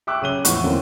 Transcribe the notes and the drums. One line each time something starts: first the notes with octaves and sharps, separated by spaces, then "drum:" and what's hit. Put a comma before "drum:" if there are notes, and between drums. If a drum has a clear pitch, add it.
E5 G5 C#6 D6 E6 F#6
C#3 F#3 D#7 G7
E2 A2 F3 B3 F#5 C#6, drum: hi-hat
D3 F#3 A#3 C4